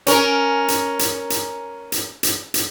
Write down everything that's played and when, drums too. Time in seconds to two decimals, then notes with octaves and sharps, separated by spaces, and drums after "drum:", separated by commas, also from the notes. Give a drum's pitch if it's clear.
0.07 C#4 A#4, drum: hi-hat
0.68 drum: hi-hat
0.99 drum: hi-hat
1.30 drum: hi-hat
1.92 drum: hi-hat
2.23 drum: hi-hat
2.54 drum: hi-hat